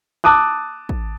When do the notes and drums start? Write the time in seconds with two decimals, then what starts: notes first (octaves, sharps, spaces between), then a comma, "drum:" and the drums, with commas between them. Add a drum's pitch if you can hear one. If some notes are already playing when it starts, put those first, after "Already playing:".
0.24 A5 D6 D#6 F#6
0.89 drum: kick